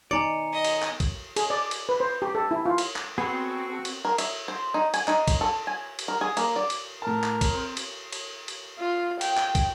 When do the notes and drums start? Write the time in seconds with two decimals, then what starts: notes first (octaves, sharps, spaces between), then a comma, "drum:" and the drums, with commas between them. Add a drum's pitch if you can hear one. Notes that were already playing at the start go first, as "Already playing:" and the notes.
0.11 B3 D#4 D5 G#5 A#5 C#7
0.53 D#5
0.64 drum: cymbal
0.82 drum: clap
1.00 drum: kick, cymbal
1.36 G#4, drum: cymbal
1.50 D5
1.71 drum: cymbal
1.89 B4
2.00 C5
2.22 G4
2.35 A4
2.51 E4
2.66 F4
2.78 drum: cymbal
2.96 drum: clap
3.18 B3 C4 F#4 G#4 A4 G5
3.85 drum: cymbal
4.05 A#4
4.18 E5, drum: cymbal
4.48 C5
4.74 D#4
4.94 G#5, drum: cymbal
5.08 D#4, drum: clap
5.28 drum: kick, cymbal
5.41 A4
5.67 G#5
5.99 drum: cymbal
6.08 A#4
6.21 G#4
6.37 A#3, drum: cymbal
6.56 D5
6.70 drum: cymbal
7.02 A2 A#4 A5
7.23 drum: clap
7.41 drum: kick, cymbal
7.54 C4
7.77 drum: cymbal
8.12 drum: cymbal
8.48 drum: cymbal
8.79 F4
9.21 G5, drum: cymbal
9.37 drum: clap
9.55 drum: kick, cymbal